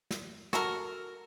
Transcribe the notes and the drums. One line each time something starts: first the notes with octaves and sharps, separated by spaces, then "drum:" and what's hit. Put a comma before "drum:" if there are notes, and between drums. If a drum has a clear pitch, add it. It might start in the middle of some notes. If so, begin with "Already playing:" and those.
drum: snare
F#4 A4 A#4, drum: snare